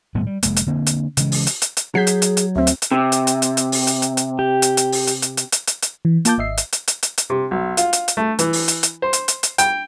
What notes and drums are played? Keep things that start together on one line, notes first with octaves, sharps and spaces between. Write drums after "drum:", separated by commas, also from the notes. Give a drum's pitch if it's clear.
D#1 A2 G3 B3
G3
F1 G#3 A#3, drum: hi-hat
drum: hi-hat
D3 A#3 C4
drum: hi-hat
C#3 E3 G#3, drum: hi-hat
drum: open hi-hat
drum: hi-hat
drum: hi-hat
drum: hi-hat
F#3 G#4 G6 B6 C7
drum: hi-hat
drum: hi-hat
drum: hi-hat
D2 C4 E5
drum: hi-hat
drum: hi-hat
C3
drum: hi-hat
drum: hi-hat
drum: hi-hat
drum: hi-hat
drum: open hi-hat
drum: hi-hat
drum: hi-hat
drum: hi-hat
G4
drum: hi-hat
drum: hi-hat
drum: open hi-hat
drum: hi-hat
drum: hi-hat
drum: hi-hat
drum: hi-hat
drum: hi-hat
drum: hi-hat
E3
A#3 F4 A5 D6 G6, drum: hi-hat
G#1 D#5 E5 C7
drum: hi-hat
drum: hi-hat
drum: hi-hat
drum: hi-hat
drum: hi-hat
C3
B1
F4, drum: hi-hat
drum: hi-hat
drum: hi-hat
A3
E3, drum: hi-hat
drum: open hi-hat
drum: hi-hat
drum: hi-hat
C5
drum: hi-hat
drum: hi-hat
drum: hi-hat
G5, drum: hi-hat